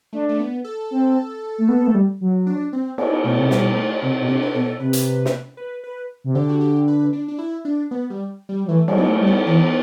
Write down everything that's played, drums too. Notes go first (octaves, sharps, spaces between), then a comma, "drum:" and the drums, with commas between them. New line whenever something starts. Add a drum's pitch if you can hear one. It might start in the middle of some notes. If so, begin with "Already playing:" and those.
A3 D4
A3
B3
A4
C4
A3
B3
B3
A3
G3
F#3
D4
C4
B3, drum: cymbal
B2 A3
C3
B2 G3, drum: snare
B3
A3
C3 C4
B2
C3 D4
B4
B2 A4
C3 B4
drum: hi-hat
drum: snare
B4
B4
C3
D3 G4
F#4
G4
B4
D4
D4
E4
D4
B3
G3
G3
F#3
E3 A3
G3, drum: cymbal
F#3
B3
A3
G3 A3
B3
E3 B3